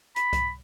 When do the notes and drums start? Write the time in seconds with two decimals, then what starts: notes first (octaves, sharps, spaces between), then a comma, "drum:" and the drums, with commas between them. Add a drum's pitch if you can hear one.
0.16 B5, drum: hi-hat
0.33 drum: kick C2, hi-hat